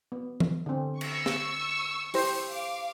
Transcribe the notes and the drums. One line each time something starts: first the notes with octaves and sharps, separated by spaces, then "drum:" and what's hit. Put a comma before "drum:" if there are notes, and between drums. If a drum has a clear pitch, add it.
B3
drum: tom E3
D3 C4
C#6 E6, drum: cymbal
drum: snare
E4 G4 C5, drum: open hi-hat
F5 D6